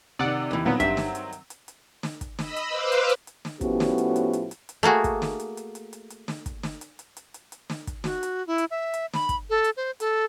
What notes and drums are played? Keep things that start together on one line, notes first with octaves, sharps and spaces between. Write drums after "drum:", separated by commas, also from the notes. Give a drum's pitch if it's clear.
C3 D#3 D5 F#5
D#2 E3
A#2 D#3 F#3 B3 C4
G2 E5, drum: kick, hi-hat
drum: snare
drum: hi-hat
drum: hi-hat
drum: hi-hat
drum: hi-hat
drum: snare
drum: kick, hi-hat
D#5 B5 E6, drum: snare
drum: hi-hat
B4 C5 F5 D6 E6 F#6
drum: hi-hat
drum: hi-hat
drum: hi-hat
drum: snare
A2 F3 B3 C#4 F#4 G4, drum: kick, hi-hat
drum: snare
drum: hi-hat
drum: hi-hat
drum: hi-hat
drum: hi-hat
drum: hi-hat
A3 A#3 F#4 G#4
drum: kick, hi-hat
drum: snare
drum: hi-hat
drum: hi-hat
drum: hi-hat
drum: hi-hat
drum: hi-hat
drum: snare
drum: kick, hi-hat
drum: snare
drum: hi-hat
drum: hi-hat
drum: hi-hat
drum: hi-hat
drum: hi-hat
drum: snare
drum: kick, hi-hat
F#4, drum: snare
drum: hi-hat
E4
drum: hi-hat
E5
drum: hi-hat
B5, drum: snare
drum: kick, hi-hat
A4
drum: hi-hat
C5
A4, drum: hi-hat